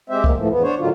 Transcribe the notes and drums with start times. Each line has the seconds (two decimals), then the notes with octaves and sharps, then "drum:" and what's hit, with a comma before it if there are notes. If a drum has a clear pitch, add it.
0.10 G#3 C4 G4 C5 E5
0.24 G#3 A#3, drum: kick
0.36 A2 E3 F3 A3
0.49 E2 B3
0.63 D4 C5 C#5
0.79 A2 D3 D#3 F#3 F4